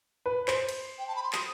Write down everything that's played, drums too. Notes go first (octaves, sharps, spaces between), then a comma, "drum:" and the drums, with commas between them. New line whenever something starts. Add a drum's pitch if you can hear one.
B4
C5, drum: clap
drum: cymbal
G5
A5
B5
C6
D#6, drum: clap